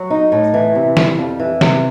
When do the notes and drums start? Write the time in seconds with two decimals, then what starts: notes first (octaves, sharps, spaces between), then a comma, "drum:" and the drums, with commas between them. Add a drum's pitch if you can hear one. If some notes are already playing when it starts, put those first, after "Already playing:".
Already playing: F#3
0.10 D#4
0.32 A2
0.54 E3
0.75 C3
0.97 G3, drum: snare
1.18 F2
1.40 E3
1.61 C3, drum: snare